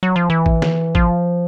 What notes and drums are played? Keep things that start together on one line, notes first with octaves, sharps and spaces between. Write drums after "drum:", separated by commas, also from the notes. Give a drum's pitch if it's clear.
F#3
F3
E3
drum: kick
drum: snare
F3, drum: kick